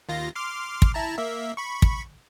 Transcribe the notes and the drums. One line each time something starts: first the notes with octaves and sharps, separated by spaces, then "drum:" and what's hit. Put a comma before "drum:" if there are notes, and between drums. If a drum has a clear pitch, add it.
D#2 F4 A#6
C6 D6 F6
drum: kick
E4 A5 A#5
A#3 E5
B5 C#6
drum: kick